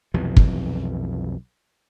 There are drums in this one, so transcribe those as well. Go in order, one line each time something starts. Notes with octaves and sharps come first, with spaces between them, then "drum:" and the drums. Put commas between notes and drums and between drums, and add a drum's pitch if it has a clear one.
B1 F2 C3 E3
drum: kick